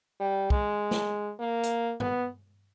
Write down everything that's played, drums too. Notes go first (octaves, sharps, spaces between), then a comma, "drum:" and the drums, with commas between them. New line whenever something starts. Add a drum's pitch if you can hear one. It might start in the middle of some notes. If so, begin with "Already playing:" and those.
G3
G#3, drum: kick
drum: snare
A#3
drum: hi-hat
B3, drum: tom G2